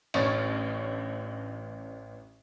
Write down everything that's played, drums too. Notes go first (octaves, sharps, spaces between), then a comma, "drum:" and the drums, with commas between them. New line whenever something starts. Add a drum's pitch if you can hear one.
A1 D4 C#5 C#6 F6 A6, drum: cymbal